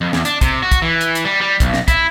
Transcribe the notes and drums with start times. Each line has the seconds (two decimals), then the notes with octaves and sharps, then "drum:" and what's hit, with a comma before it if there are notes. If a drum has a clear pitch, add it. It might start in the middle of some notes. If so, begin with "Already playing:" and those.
0.01 F2
0.13 E2, drum: snare
0.25 D4, drum: hi-hat
0.41 C3, drum: kick, hi-hat
0.63 F#4
0.72 drum: kick, hi-hat
0.82 E3
1.01 drum: hi-hat
1.15 drum: hi-hat
1.25 G3
1.41 G3
1.60 B1, drum: kick, hi-hat
1.74 drum: snare
1.88 E4, drum: kick, hi-hat